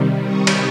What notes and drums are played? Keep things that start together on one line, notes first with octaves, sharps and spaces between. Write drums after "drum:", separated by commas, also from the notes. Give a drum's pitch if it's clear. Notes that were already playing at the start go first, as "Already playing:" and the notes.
Already playing: C3 D#3 G3
C#6 D#6
drum: cymbal